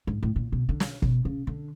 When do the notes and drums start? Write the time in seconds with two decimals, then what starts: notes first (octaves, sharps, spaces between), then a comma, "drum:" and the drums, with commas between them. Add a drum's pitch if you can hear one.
0.07 G#2
0.23 A2
0.36 A#2
0.52 B2
0.69 D3
0.80 drum: snare
1.02 B2, drum: kick
1.25 C#3
1.47 D3